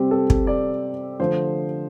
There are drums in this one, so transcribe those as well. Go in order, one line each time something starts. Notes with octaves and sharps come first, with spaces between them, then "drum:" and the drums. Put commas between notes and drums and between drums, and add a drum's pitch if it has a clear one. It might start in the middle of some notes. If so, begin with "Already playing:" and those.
Already playing: C3 G3 C4 G4
A4
drum: kick
D5
D3 F3 A3 C5